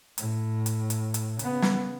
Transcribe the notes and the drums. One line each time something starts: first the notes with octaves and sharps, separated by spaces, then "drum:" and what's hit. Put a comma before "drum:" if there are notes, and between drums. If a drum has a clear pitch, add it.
A2, drum: hi-hat
drum: hi-hat
drum: hi-hat
drum: hi-hat
C#3 B3, drum: hi-hat
drum: snare